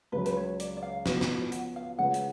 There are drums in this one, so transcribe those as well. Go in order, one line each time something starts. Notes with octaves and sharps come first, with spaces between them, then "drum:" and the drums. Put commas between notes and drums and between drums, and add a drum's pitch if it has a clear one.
C#2 C#3 F#3 B4
B4, drum: hi-hat
C#5
D5, drum: hi-hat
D5
F5
F3 B3 F#4 B4, drum: snare
drum: snare
F#5, drum: hi-hat
F5
C#3 G#3 C#4 F4 B4 F#5
drum: hi-hat